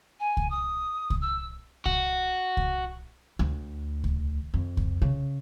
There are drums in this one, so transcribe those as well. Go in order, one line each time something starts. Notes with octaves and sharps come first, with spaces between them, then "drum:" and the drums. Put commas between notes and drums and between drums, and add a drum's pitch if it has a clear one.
G#5
drum: kick C2
D#6
drum: kick C2
E6
F#4, drum: kick C2
drum: kick C2
D2
drum: kick C2
F2
drum: kick C2
C#3